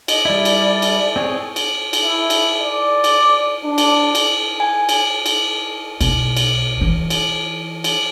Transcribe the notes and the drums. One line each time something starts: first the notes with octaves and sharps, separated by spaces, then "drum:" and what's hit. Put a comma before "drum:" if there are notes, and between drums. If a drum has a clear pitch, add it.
D#5, drum: cymbal
G3 E4 D5
drum: cymbal
drum: cymbal
C4 G#4 C#5
drum: cymbal
drum: cymbal
E4
drum: cymbal
D5
drum: cymbal
D4
drum: cymbal
drum: cymbal
G#5
drum: cymbal
drum: cymbal
B1, drum: cymbal
drum: cymbal
E3
drum: cymbal
drum: cymbal